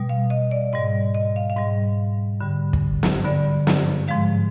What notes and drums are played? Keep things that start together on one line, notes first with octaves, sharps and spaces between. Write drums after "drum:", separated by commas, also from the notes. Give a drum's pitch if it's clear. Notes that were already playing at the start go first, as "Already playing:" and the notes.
Already playing: B2 G3
F5
D#5
D5
G#2 G3 D#5
D#5
F5
F5
G#2 G3 D#5
G2 D3 G3
drum: kick
drum: snare
G2 D3 G3 D5
drum: snare
G#2 F3 G#3 F5